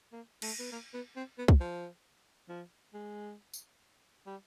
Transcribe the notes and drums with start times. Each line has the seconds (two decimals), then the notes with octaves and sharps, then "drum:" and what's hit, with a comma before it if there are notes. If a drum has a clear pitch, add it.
0.12 A#3
0.42 A3, drum: cymbal
0.60 B3
0.72 A#3
0.94 B3
1.16 C4
1.38 B3
1.48 drum: kick
1.60 F3
2.49 F3
2.94 G#3
3.54 drum: tambourine
4.26 G3